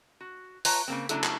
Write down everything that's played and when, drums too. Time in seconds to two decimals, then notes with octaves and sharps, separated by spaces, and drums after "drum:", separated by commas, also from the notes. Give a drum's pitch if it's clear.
0.21 F#4
0.65 F4 B4 C#5 A5 A#5, drum: open hi-hat
0.88 C#3 A#3 C4
1.09 C#3 F#3 A3 D4 E4 A4, drum: hi-hat
1.24 drum: clap